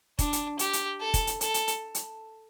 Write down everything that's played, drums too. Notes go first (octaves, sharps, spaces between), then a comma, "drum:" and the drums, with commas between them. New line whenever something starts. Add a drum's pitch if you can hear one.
D4, drum: kick, hi-hat
drum: hi-hat
G4, drum: hi-hat
drum: hi-hat
A4
drum: kick, hi-hat
drum: hi-hat
A4, drum: hi-hat
drum: hi-hat
drum: hi-hat
drum: hi-hat